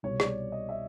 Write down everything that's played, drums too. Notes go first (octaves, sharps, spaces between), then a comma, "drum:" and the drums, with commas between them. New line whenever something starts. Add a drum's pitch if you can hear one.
C2 B2 G3 C#5
D5, drum: rim click
D#5
E5